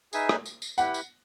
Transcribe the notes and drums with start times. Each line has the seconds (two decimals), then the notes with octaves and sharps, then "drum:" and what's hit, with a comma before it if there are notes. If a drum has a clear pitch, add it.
0.13 D#4 G#4 B4 E5 G#5, drum: tambourine
0.29 drum: rim click
0.46 drum: tambourine
0.62 drum: tambourine
0.78 E4 G4 B4 F#5, drum: tambourine
0.94 drum: tambourine